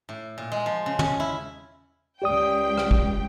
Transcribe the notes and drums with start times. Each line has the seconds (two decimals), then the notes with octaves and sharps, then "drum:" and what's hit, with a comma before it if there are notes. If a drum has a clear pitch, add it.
0.09 A2
0.38 A#2
0.52 G#3
0.66 F3
0.86 C#3
0.99 C#4, drum: tom
1.20 E4
2.22 C#2 G4 D5 G5 D#6
2.78 drum: rim click
2.91 drum: kick